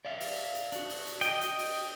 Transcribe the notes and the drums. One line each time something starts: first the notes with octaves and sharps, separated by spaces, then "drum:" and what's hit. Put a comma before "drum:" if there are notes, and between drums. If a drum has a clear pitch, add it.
D5 E5 F5
drum: open hi-hat
drum: hi-hat
D4 F#4, drum: hi-hat
drum: open hi-hat
drum: hi-hat
D#5 G5, drum: hi-hat
drum: hi-hat
drum: open hi-hat